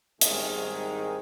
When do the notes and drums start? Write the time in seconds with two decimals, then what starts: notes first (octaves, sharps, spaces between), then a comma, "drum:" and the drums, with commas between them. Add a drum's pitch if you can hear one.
0.21 C2 G#2 D#3 G#3 G#4, drum: hi-hat